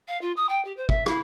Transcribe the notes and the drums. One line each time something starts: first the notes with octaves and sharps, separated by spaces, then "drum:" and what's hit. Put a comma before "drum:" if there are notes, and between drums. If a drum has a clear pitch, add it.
F5
F4
D#6
G5
G4
C5
E5, drum: kick
E4, drum: rim click